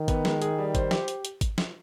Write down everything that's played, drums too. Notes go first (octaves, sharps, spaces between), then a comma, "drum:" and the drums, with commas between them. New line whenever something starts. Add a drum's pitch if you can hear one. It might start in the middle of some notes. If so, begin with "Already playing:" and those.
Already playing: D#3
B3, drum: kick G#1, hi-hat
G#3, drum: snare
G#4, drum: hi-hat
G3
C5, drum: kick G#1, hi-hat
G4, drum: snare
drum: hi-hat
drum: hi-hat
drum: kick G#1, hi-hat
drum: snare